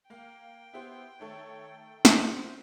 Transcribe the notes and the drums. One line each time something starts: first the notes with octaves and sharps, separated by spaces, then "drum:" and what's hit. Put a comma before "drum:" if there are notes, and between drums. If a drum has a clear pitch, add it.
A#3 F5 G5
B3 E4 G4 C5
D#3 A3 A4 C#5
C5, drum: snare